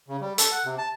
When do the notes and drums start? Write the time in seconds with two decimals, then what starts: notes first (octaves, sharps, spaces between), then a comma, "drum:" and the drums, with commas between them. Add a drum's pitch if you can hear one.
0.08 C#3
0.21 G3
0.38 A4, drum: hi-hat
0.52 F#5
0.65 C3
0.78 A5